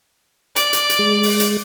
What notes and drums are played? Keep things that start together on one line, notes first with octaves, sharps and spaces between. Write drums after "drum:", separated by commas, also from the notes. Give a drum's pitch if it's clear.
D5 D6, drum: hi-hat
drum: hi-hat
drum: hi-hat
G#3
drum: open hi-hat
drum: hi-hat